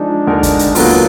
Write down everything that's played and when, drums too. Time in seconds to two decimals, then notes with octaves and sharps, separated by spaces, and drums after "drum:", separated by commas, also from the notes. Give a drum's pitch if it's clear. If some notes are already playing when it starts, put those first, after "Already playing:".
Already playing: F3 G#3 D4 D#4
0.27 D#2 D3 G#3 D#4 A#4
0.43 drum: kick, hi-hat
0.59 drum: hi-hat
0.75 D#2 D3 F#3 A#3 B3 F4, drum: open hi-hat